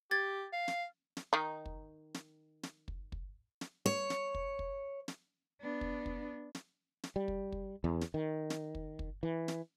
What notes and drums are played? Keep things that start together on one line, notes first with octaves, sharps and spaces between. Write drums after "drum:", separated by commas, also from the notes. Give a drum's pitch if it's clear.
G4 G#6 A6
F5
drum: snare
drum: snare
D#3 D#4
drum: kick
drum: snare
drum: snare
drum: kick
drum: kick
drum: snare
C#5
drum: snare
drum: kick
drum: kick
drum: snare
B3 D4
drum: kick
drum: kick
drum: snare
drum: snare
G3
drum: kick
drum: kick
E2
drum: snare
D#3
drum: snare
drum: kick
drum: kick
E3
drum: snare